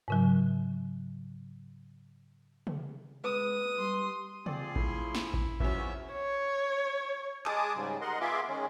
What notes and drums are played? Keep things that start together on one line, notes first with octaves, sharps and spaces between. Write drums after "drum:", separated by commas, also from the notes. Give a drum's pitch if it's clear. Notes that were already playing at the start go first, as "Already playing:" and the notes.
G#2 C#3 F#3
drum: tom
G#3 B4 D#6
G3 C6
F3 C4 G#4 D5 C6, drum: tom C3
A2 E4, drum: kick A1
drum: snare
drum: kick A1
E2 F3 F#3 C#4 E5, drum: kick A1
C#5
G#3 G#4 A5 D6 D#6, drum: clap
G#2 C#3 G3
A#4 D#5 F#5 C6
B3 F4 G#4 E5 C6 D6
D#3 G#3 C#4